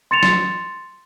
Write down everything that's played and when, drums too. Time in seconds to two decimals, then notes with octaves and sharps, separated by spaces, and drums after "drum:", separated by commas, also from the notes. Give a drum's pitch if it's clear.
0.11 C6 A6 C#7 E7 F7
0.23 drum: snare